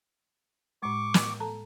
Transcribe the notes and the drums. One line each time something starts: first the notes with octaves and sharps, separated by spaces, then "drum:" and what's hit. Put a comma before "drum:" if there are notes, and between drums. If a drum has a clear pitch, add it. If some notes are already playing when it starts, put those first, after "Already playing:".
A2 G#3 C#6 D6
drum: snare
A4 A5 A#5